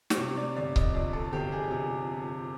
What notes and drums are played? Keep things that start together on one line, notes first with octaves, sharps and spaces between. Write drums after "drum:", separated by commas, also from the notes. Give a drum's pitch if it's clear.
C5, drum: snare
C3 C#5
D5
G1 D5
D#5, drum: kick C#1
F2 D5
A4
G1 G4
G#4
C3 G#4